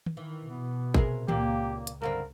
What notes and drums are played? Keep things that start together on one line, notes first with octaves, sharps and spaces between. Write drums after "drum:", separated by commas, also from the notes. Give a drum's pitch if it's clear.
drum: tom D#3
D#3 E3
B2 B3
C3 G#4 A#4, drum: kick
C#2 A#2 A#3 G4, drum: tom D#3
drum: hi-hat
G2 D3 C4 A#4